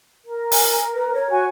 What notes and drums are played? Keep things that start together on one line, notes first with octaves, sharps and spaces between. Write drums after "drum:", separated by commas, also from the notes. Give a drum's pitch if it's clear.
A#4
G#5, drum: open hi-hat
B4
C#5
F#4 G#5